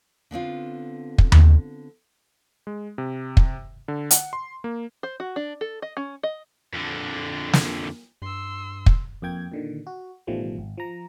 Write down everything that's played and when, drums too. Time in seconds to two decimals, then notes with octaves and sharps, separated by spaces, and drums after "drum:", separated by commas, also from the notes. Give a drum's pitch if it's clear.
0.31 D3 B3 C4 F4
1.18 drum: kick
1.32 drum: tom D#2
2.67 G#3
2.98 C3
3.37 drum: kick
3.88 D3
4.11 F#5, drum: hi-hat
4.33 C6
4.64 A#3
5.03 C5
5.20 F#4
5.36 D4
5.61 A4
5.82 D#5
5.97 C#4
6.23 D#5
6.73 F2 D3
7.53 drum: snare
8.22 G2 C6 E6
8.86 drum: kick
9.22 F2 A#3 G5 G#6
9.52 A#2 D3 D#3
9.87 F#4
10.27 A1 B2 D#3 F3 G3 A3
10.58 G#1
10.78 F3 A#5